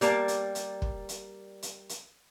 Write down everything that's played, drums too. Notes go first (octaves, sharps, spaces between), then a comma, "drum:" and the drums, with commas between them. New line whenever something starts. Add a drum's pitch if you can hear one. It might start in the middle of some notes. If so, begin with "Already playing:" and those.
G3 A#3 D5 A5, drum: hi-hat
drum: hi-hat
drum: hi-hat
drum: kick
drum: hi-hat
drum: hi-hat
drum: hi-hat